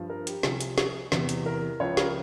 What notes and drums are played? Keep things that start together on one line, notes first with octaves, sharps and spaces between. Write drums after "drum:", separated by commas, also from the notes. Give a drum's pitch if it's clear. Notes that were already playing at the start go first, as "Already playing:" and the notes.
Already playing: G2 F3
A#4
G4, drum: hi-hat
C2 C3 F3 G#4, drum: snare
drum: hi-hat
drum: snare
E2 C3 E3, drum: snare
drum: hi-hat
A#4
C#2 C#3 F3 C#5
A#4, drum: snare